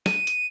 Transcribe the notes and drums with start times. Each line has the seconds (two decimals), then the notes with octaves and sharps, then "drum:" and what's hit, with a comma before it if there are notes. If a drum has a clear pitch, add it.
0.06 D#7, drum: snare
0.27 drum: hi-hat